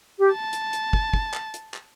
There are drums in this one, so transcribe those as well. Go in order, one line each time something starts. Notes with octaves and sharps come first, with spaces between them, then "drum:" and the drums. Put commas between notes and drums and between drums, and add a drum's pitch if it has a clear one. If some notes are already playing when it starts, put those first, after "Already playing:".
G4
A5
drum: hi-hat
drum: hi-hat
drum: kick
drum: kick
drum: clap
drum: hi-hat
drum: clap